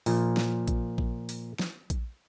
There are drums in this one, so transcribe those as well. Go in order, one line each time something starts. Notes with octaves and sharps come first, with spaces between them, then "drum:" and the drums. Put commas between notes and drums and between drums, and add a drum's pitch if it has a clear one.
A#2 F3, drum: open hi-hat
drum: snare
drum: kick A#1, hi-hat
drum: kick A#1
drum: open hi-hat
drum: snare
drum: kick A#1, hi-hat